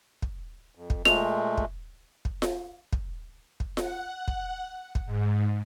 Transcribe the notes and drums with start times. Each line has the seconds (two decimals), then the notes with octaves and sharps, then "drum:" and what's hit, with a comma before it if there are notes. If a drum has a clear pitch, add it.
0.22 drum: kick
0.75 F2
0.90 drum: kick
1.05 A#2 G#3 A3 F7, drum: snare F4
1.57 drum: kick
2.25 drum: kick
2.42 drum: snare F4
2.93 drum: kick
3.60 drum: kick
3.77 F#5, drum: snare F4
4.28 drum: kick
4.95 drum: kick
5.06 G#2